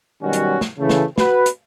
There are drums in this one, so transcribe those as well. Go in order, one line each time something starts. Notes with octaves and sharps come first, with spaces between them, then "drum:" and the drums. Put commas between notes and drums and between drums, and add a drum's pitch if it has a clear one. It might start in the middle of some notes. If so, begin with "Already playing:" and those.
B2 D#3 F#3 G3 C#4 F#4
drum: hi-hat
drum: snare
C#3 E3 A3
drum: snare
F#4 B4, drum: snare
drum: hi-hat